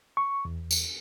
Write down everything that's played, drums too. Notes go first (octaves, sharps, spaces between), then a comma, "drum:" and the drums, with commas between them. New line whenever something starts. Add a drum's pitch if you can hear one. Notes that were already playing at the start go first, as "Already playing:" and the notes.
C#6
E2
drum: tambourine